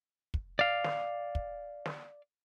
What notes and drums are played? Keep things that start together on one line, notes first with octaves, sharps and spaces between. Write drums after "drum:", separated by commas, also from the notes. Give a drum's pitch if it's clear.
drum: kick
D5 F5
drum: snare
drum: kick
drum: snare